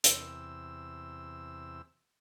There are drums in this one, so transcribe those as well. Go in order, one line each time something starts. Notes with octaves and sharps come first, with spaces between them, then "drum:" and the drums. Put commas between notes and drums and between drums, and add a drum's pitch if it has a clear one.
E2 C3 E6, drum: hi-hat